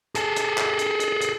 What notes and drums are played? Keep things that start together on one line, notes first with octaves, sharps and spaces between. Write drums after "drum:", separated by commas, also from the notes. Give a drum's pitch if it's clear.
G#4 A4, drum: hi-hat
drum: hi-hat
drum: clap
drum: hi-hat
drum: hi-hat
drum: hi-hat